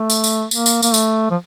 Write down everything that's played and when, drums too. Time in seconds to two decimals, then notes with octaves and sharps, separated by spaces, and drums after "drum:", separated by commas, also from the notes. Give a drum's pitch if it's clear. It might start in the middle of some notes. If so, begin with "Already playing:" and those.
Already playing: A3
0.10 drum: tambourine
0.24 drum: tambourine
0.51 A#3, drum: tambourine
0.66 drum: tambourine
0.82 A#3, drum: tambourine
0.94 A3, drum: tambourine
1.30 F3